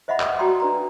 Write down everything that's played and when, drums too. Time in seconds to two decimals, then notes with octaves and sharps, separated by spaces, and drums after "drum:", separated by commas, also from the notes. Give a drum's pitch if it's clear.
0.08 C5 D#5 E5 F#5 B5
0.20 B5, drum: clap
0.39 F#4 D5 G5 A#5 C6
0.60 D4 B4 A#5